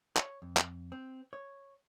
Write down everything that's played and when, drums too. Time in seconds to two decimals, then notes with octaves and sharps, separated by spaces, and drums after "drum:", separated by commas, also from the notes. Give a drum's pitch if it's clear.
0.17 C#5, drum: clap
0.42 F2
0.57 drum: clap
0.92 C4
1.33 C#5